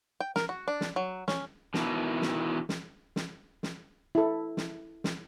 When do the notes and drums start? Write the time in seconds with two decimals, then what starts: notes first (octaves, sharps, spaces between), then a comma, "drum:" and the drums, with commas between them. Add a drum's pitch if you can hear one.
0.20 G5
0.36 A#4, drum: snare
0.49 F#4
0.68 D4
0.81 drum: snare
0.96 F#3
1.28 C#4, drum: snare
1.74 B2 D#3 E3, drum: snare
2.22 drum: snare
2.69 drum: snare
3.16 drum: snare
3.63 drum: snare
4.15 E4 A4
4.57 drum: snare
5.04 drum: snare